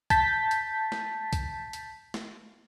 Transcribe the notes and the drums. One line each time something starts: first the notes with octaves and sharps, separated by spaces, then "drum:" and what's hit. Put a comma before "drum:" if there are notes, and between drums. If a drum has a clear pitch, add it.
A5 G6 A6 B6, drum: kick, hi-hat
drum: hi-hat
drum: snare
drum: kick, hi-hat
drum: hi-hat
drum: snare